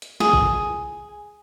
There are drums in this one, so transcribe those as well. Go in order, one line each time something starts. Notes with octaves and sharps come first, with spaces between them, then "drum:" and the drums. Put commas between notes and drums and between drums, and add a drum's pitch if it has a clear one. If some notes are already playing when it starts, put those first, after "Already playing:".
drum: hi-hat
G#4, drum: snare
drum: kick G#1